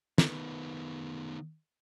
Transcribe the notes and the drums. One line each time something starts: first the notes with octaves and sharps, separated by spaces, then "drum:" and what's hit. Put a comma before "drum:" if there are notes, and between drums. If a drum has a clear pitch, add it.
D#3 B3, drum: snare